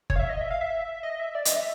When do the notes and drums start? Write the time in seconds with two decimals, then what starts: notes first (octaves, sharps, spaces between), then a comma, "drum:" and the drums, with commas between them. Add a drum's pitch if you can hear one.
0.10 C#5, drum: kick F#1
0.16 F5
0.20 E5
0.29 D#5
0.41 E5
0.51 F5
0.61 E5
1.03 D#5
1.19 E5
1.35 D5
1.45 D#5, drum: hi-hat
1.56 E5